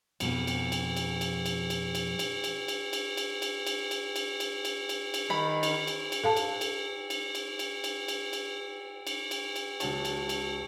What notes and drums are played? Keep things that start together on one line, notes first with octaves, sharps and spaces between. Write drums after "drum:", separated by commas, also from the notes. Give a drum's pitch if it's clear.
F2 B2 F3, drum: cymbal
drum: cymbal
drum: cymbal
drum: cymbal
drum: cymbal
drum: cymbal
drum: cymbal
drum: cymbal
drum: cymbal
drum: cymbal
drum: cymbal
drum: cymbal
drum: cymbal
drum: cymbal
drum: cymbal
drum: cymbal
drum: cymbal
drum: cymbal
drum: cymbal
drum: cymbal
drum: cymbal
D#3 B5
drum: cymbal
drum: cymbal
drum: cymbal
A4 F5 A5
drum: cymbal
drum: cymbal
drum: cymbal
drum: cymbal
drum: cymbal
drum: cymbal
drum: cymbal
drum: cymbal
drum: cymbal
drum: cymbal
drum: cymbal
C#2 D4 F#4 C#5 A5 C#6, drum: cymbal
drum: cymbal
drum: cymbal